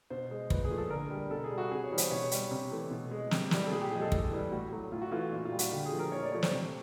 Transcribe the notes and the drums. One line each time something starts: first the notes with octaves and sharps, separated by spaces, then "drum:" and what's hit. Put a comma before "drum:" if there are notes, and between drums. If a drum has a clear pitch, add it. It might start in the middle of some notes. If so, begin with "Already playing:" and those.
B2 C5
G#3
A#2 B4, drum: kick
G#4
F3 A3
A4
D3 A#4
G3
B2 A4
G#4
G3
F#4
C3 G#4
C#5
E3 G3
C5, drum: hi-hat
B2 C#5
G3, drum: hi-hat
C3
E3 A3
B2
G#3
C3, drum: snare
E3 G3, drum: snare
A4
A#2 G#4
G4
F3 G#3 G#4
A4
A2, drum: kick
E3 G3
A2 F#4
F#3 A3
A2 F4
F#4
E3 A3 F4
A#2 F#4
F4
G3
F#4, drum: hi-hat
D3 G4
G#4
F3 A3
A#4
A#2 C#5
D5
F3 A3 C#5
C5, drum: snare
C3